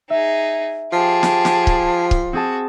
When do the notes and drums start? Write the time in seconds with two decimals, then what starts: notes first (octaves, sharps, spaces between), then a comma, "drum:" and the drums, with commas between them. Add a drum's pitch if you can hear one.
0.10 D#4 G#4 E5
0.93 F3 G4 G#4 A5
1.23 drum: snare
1.45 drum: snare
1.67 drum: kick C#1
2.11 drum: kick C#1
2.33 C4 F#4 G#4 A5